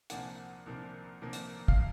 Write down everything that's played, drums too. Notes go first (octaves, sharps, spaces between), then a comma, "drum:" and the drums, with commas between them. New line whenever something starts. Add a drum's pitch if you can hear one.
C2 A#2 F3 A#3 D4 F#5 G#5, drum: hi-hat
C2 A#2 F3 A#3 D4
C2 A#2 F3 A#3 D4
drum: hi-hat
F5, drum: kick